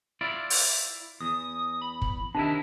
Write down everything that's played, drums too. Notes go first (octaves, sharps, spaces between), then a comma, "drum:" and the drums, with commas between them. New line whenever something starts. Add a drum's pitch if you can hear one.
E4 F4 D5
drum: open hi-hat
E2 D#6
B5
drum: kick
C3 D#3 D4 E4